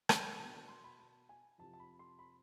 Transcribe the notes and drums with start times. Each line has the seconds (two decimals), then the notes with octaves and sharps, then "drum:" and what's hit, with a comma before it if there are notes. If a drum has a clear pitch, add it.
0.09 D5, drum: rim click
0.39 B2 B3 D4 A5
0.53 A5
0.68 C6
0.84 B5
0.99 A5
1.29 G#5
1.58 F2 C3 F3 A5
1.73 A5
1.79 B5
1.99 C6
2.19 B5